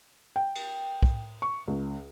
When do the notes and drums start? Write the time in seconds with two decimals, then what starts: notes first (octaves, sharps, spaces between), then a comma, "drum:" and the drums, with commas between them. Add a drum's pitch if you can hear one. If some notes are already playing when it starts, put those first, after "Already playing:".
0.36 G5
0.55 drum: cymbal
1.03 drum: kick
1.42 C#6
1.68 C#2